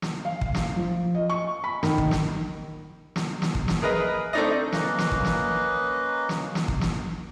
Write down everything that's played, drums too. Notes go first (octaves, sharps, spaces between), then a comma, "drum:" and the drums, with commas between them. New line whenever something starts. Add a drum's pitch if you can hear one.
drum: snare
F5
drum: kick
drum: snare
F3
D#5
C#6
B5
D#3, drum: snare
drum: kick
drum: snare
drum: snare
drum: snare
drum: kick
drum: snare
G#4 A#4 B4 D#5
A3 C4 D4 D#4 D5 D#5
A#3 C#4 B4 D#5, drum: snare
drum: snare
drum: kick
drum: snare
drum: snare
drum: snare
drum: kick
drum: snare